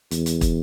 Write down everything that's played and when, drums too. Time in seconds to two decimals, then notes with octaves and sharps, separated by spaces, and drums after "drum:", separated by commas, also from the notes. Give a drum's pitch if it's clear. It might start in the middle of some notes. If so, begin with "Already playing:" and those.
0.11 E2, drum: hi-hat
0.26 drum: hi-hat
0.41 drum: kick, hi-hat